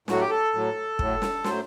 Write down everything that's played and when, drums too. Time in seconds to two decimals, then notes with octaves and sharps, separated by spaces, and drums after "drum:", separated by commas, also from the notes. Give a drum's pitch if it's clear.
0.08 A2 F#3 F#4, drum: snare
0.20 G4
0.30 A4
0.54 A2 F#3
0.99 A2 F#3, drum: kick
1.22 drum: snare
1.44 A2 F#3 C5, drum: snare